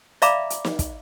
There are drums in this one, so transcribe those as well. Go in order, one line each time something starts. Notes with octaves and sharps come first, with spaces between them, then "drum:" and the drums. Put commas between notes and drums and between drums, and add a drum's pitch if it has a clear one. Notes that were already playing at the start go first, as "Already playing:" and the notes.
D5 E5 F5 A#5 B5 D6, drum: hi-hat
drum: hi-hat
drum: snare
drum: kick, hi-hat